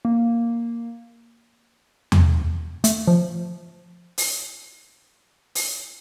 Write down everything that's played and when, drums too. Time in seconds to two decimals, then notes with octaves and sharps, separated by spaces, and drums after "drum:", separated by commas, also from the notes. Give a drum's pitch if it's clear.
0.05 A#3
2.12 drum: tom E2
2.84 A3, drum: hi-hat
3.07 F3
4.18 drum: open hi-hat
5.55 drum: open hi-hat